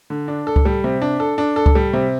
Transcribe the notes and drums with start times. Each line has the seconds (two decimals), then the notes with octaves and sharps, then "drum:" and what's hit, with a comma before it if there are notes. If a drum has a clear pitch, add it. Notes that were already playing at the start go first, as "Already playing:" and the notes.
0.10 D3
0.28 D4
0.47 A4
0.56 drum: kick C#2
0.65 G3
0.84 C3
1.02 D4
1.20 A4
1.38 D4
1.56 A4
1.66 drum: kick C#2
1.75 G3
1.93 C3